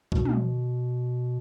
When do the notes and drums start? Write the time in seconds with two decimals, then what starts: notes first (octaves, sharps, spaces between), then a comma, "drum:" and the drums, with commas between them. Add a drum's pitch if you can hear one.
0.12 B2, drum: kick B1
0.25 drum: tom